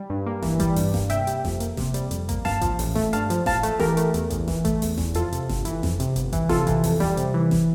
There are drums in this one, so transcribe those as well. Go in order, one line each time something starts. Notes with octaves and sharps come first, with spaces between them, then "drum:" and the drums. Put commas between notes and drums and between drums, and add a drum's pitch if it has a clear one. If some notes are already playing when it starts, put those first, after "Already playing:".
Already playing: G3
G2
A#3
E3, drum: snare F1
G3, drum: kick A1, hi-hat
G2, drum: open hi-hat
A#3, drum: snare F1
C3 E5 G5, drum: hi-hat
G3, drum: hi-hat
F2, drum: snare F1
A#3, drum: hi-hat
C3, drum: snare F1
G3, drum: hi-hat
F2, drum: hi-hat
A#3, drum: kick A1, hi-hat
G2 F5 A5, drum: snare F1
F3, drum: kick A1, hi-hat
A1, drum: open hi-hat
A3, drum: snare F1
G2 F5 A5, drum: hi-hat
F3, drum: hi-hat
A1 F5 A5, drum: snare F1
A3, drum: hi-hat
E3 G4 A#4, drum: snare F1
A3, drum: hi-hat
E2, drum: hi-hat
E2, drum: kick A1, hi-hat
E3, drum: snare F1
A3, drum: kick A1, hi-hat
E2, drum: open hi-hat
E2, drum: snare F1
F2 F4 A4, drum: hi-hat
C3, drum: hi-hat
G1, drum: snare F1
E3, drum: hi-hat
F2, drum: snare F1
C3, drum: hi-hat
G1, drum: hi-hat
E3, drum: kick A1, hi-hat
C3 F4 A4, drum: snare F1
E3, drum: kick A1, hi-hat
F2, drum: open hi-hat
G3, drum: snare F1
C3, drum: hi-hat
E3
drum: snare F1